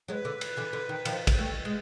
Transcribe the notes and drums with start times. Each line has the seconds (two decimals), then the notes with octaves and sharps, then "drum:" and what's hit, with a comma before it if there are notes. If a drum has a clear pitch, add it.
0.08 F#3 G#3 C#5
0.12 B4
0.25 D3
0.41 drum: cymbal
0.57 D3 E3
0.73 D3
0.89 D#3
1.05 D#3 F3, drum: cymbal
1.27 drum: kick, cymbal
1.38 G3 A3
1.65 G#3